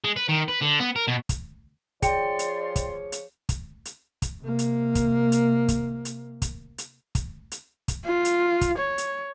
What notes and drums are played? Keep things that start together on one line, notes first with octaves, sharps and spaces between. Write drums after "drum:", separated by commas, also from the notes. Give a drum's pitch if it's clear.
G#3
B4
D#3
B4
D3
B3
A#4
B2
drum: kick, hi-hat
F3 G#4 C#5 D5 G5 C6 C#7, drum: kick, hi-hat
drum: hi-hat
drum: kick, hi-hat
drum: hi-hat
drum: kick, hi-hat
drum: hi-hat
drum: kick, hi-hat
C3 A#3
drum: hi-hat
drum: kick, hi-hat
drum: hi-hat
drum: kick, hi-hat
drum: hi-hat
drum: kick, hi-hat
drum: hi-hat
drum: kick, hi-hat
drum: hi-hat
drum: kick, hi-hat
F4
drum: hi-hat
drum: kick, hi-hat
C#5
drum: hi-hat